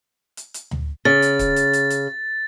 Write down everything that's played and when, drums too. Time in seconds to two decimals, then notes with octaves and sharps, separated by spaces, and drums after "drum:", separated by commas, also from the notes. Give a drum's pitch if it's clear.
0.37 drum: hi-hat
0.54 drum: hi-hat
0.71 drum: tom D2
1.05 C#3 A6
1.22 drum: hi-hat
1.39 drum: kick C#1, hi-hat
1.56 drum: hi-hat
1.73 drum: hi-hat
1.90 drum: hi-hat